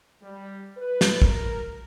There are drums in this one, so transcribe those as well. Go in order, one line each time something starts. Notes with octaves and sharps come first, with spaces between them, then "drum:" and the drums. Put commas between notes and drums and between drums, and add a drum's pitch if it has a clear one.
G3
B4
drum: snare
A#4, drum: kick